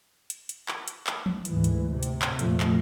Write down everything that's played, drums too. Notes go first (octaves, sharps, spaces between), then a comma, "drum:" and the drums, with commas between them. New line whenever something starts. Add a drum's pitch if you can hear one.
drum: hi-hat
drum: hi-hat
drum: clap
drum: hi-hat
drum: clap
drum: tom
D2 G#2 E3, drum: hi-hat
drum: hi-hat
C3
drum: hi-hat
drum: clap
F2 A#2 F3 A3, drum: hi-hat
drum: clap